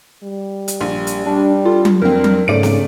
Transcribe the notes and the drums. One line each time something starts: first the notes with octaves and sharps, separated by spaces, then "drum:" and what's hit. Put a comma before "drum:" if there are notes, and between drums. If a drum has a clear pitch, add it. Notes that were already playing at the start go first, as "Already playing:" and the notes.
G3
drum: hi-hat
A#1
drum: hi-hat
G3 D4
F4 A4
drum: tom F#3
F2 C4 D4 A#4
drum: tom F#3
G#2 C#3 A3 D5 D7
drum: snare